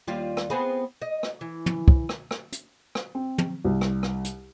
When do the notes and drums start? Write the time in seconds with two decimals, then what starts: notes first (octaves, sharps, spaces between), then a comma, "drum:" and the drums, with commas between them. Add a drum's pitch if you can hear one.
0.07 D#2 G3 F4
0.37 drum: rim click
0.50 B3 C4 G#4
1.02 D#5
1.23 drum: rim click
1.41 E3
1.66 drum: tom
1.88 drum: kick
2.09 drum: rim click
2.31 drum: rim click
2.52 drum: hi-hat
2.95 drum: rim click
3.15 C4
3.38 drum: tom
3.65 C2
3.81 drum: rim click
4.03 drum: rim click
4.24 drum: hi-hat